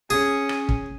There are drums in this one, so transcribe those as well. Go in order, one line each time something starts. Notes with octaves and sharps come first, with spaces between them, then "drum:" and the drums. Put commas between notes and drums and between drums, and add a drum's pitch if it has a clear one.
C#4 G#4
drum: rim click
drum: kick